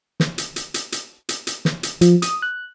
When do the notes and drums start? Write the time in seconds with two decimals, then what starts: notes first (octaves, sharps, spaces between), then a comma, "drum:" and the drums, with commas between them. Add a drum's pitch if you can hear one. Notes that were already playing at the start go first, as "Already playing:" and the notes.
0.20 drum: snare
0.38 drum: hi-hat
0.56 drum: hi-hat
0.74 drum: hi-hat
0.92 drum: hi-hat
1.29 drum: hi-hat
1.47 drum: hi-hat
1.65 drum: snare
1.83 drum: hi-hat
2.01 F3, drum: hi-hat
2.22 D#6, drum: hi-hat
2.42 F#6